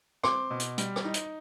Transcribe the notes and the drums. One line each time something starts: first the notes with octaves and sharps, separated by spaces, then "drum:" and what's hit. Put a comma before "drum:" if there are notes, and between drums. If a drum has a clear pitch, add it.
C4 C6 D6, drum: rim click
B2
drum: hi-hat
G3, drum: hi-hat
drum: rim click
D#4
drum: hi-hat